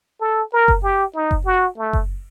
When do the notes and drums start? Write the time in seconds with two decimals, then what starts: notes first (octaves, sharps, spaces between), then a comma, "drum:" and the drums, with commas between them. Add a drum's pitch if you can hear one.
0.21 A4
0.53 A#4
0.68 drum: kick F#1
0.84 G4
1.15 D#4
1.31 drum: kick F#1
1.46 F#4
1.78 A3
1.93 drum: kick F#1